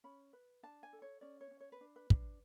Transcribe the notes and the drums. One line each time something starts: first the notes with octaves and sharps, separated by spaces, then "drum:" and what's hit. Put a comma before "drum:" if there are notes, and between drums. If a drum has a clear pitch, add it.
C#4 B5
B4
D4 A5
G#5
A4
C#5
C#4 D5
C#5
C#4
C#5
B4
D4
B4
D4, drum: kick